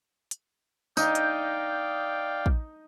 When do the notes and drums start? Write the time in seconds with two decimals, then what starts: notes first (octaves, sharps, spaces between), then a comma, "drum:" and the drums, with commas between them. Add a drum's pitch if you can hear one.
0.31 drum: hi-hat
0.97 D#4 D5 F5 G5, drum: tambourine
1.15 drum: hi-hat
2.46 drum: kick